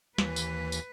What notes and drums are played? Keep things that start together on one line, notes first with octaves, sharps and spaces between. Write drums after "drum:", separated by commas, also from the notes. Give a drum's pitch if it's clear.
D#2 E3 B4, drum: snare
drum: tambourine
drum: tambourine